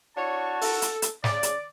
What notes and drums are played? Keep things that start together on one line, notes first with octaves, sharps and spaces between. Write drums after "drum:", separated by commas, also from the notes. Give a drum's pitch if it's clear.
D4 E4 F#4 C#5 A5
A4, drum: open hi-hat
drum: hi-hat
drum: hi-hat
C#3 D5, drum: snare
drum: hi-hat